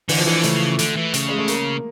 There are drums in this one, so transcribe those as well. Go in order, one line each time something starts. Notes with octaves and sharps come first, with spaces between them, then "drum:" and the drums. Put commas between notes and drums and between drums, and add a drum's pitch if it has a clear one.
D3 E3, drum: open hi-hat
F3
D3 E3
C#3 A3, drum: hi-hat
D3, drum: hi-hat
E3
C#3, drum: hi-hat
G#3
A3
A#3, drum: hi-hat